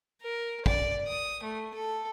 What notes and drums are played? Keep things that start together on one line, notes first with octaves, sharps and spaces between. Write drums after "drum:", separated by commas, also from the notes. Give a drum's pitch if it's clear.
A#4
D5, drum: kick
D#6
A3
A4